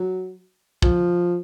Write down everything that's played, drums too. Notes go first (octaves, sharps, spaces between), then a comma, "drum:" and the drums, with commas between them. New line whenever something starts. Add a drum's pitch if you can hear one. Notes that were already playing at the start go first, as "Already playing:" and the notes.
Already playing: F#3
F3, drum: kick